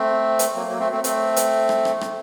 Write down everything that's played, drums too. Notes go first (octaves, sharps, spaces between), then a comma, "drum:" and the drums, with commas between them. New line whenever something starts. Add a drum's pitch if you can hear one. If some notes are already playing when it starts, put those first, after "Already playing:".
Already playing: A3 C4
drum: hi-hat
F#3 A#3
F#3 A#3
A3 C4
A3 C4
A3 C4, drum: hi-hat
drum: hi-hat
drum: rim click
drum: rim click
drum: rim click